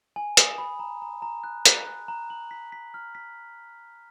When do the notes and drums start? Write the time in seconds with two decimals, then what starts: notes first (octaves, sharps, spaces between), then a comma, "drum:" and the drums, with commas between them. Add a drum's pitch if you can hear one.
0.16 G#5
0.37 D#6, drum: hi-hat
0.58 B5
0.79 A#5
1.02 A#5
1.22 A#5
1.44 F#6
1.65 F#6, drum: hi-hat
1.87 F#6
2.08 A#5
2.30 F#7
2.51 B6
2.72 B6
2.94 F6
3.15 B6